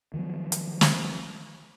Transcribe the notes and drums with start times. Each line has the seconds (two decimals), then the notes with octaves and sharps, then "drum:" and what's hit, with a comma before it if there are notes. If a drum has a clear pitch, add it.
0.14 D#3 F3 F#3 B3
0.52 drum: hi-hat
0.81 drum: snare